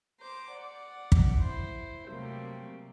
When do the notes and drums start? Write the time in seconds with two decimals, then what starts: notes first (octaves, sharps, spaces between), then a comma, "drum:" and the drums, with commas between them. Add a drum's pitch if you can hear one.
0.19 C5 A#5 D6
0.51 D5 F#5
1.12 drum: kick
1.39 E4 C5
2.07 C3 F#3 G3 A3 A#3 C4